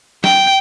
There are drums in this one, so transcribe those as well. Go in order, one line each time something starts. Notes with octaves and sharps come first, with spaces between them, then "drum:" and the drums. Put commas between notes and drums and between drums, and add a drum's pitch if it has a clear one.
G5, drum: snare